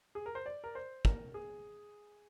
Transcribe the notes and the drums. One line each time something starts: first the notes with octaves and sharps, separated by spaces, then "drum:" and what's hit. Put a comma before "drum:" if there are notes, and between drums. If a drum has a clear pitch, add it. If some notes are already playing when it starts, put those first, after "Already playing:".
G#4
A#4
C5
D5
A#4
C5
A#4, drum: kick
G#4